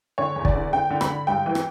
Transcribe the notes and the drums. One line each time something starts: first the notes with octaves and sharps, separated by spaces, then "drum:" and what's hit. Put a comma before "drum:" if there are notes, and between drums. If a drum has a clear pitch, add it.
D3 C#5
E2
D5, drum: kick
D3
D3 G5
D3
B5, drum: rim click
D3
G2 G5
E3
drum: rim click